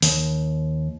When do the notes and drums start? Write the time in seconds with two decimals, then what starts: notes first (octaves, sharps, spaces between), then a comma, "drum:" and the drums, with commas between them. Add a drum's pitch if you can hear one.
0.02 D#2, drum: open hi-hat